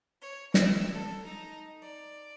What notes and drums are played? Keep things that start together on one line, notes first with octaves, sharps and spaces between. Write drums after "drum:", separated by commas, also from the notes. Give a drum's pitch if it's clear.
C#5
E6, drum: snare
A4
D#4
D5